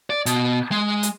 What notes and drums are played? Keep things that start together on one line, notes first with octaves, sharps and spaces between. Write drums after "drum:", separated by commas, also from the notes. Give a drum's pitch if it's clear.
D5
B2, drum: hi-hat
G#3
drum: hi-hat